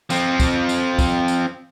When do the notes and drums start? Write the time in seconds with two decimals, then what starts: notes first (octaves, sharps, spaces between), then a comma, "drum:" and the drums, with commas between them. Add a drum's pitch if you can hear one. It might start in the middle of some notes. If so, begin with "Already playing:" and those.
0.10 F3 C4, drum: tambourine
0.40 drum: kick, tambourine
0.69 drum: tambourine
0.99 drum: kick, tambourine
1.28 drum: tambourine